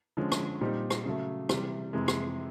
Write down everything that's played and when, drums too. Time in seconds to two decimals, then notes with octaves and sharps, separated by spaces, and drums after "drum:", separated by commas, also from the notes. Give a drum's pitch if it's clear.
0.17 D3 F3 G#3 C#4
0.32 drum: rim click
0.61 A#2 G3 C4 D#4 G4
0.90 drum: rim click
1.05 C#3 F#3 A3
1.49 C3 E3 G3, drum: rim click
1.93 F2 C3 E3 G#3
2.08 drum: rim click